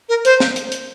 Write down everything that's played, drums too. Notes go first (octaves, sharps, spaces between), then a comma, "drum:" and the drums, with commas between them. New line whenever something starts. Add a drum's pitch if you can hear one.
A#4
C5, drum: hi-hat
drum: snare
drum: hi-hat
drum: hi-hat